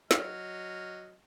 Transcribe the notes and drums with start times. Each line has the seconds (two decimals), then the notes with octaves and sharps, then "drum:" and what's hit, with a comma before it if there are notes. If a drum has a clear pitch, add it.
0.11 F#3 D#5 F6, drum: snare